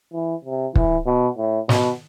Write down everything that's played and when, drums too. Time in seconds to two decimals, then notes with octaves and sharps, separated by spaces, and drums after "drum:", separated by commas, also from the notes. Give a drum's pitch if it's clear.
0.13 E3
0.45 C3
0.75 E3, drum: kick
1.06 B2
1.38 A2
1.69 B2, drum: snare